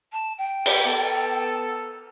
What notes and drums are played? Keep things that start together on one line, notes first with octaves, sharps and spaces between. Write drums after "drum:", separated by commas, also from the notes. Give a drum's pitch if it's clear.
A5
G5
G4, drum: cymbal
B3 A4